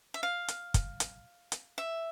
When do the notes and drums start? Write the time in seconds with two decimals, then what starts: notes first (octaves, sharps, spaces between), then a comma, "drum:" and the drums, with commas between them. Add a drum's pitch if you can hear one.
0.14 E5
0.23 F5
0.48 drum: hi-hat
0.74 drum: kick, hi-hat
1.00 drum: hi-hat
1.52 drum: hi-hat
1.78 E5